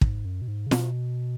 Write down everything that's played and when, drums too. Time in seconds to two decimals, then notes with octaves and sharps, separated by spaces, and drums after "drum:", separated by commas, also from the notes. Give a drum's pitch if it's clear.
0.01 G#2, drum: kick
0.25 F#2
0.42 B2
0.48 G#2
0.67 C#3
0.71 B2, drum: snare